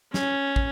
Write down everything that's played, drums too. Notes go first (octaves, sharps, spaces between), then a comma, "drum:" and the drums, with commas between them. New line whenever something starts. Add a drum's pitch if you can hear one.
C#4, drum: snare
drum: kick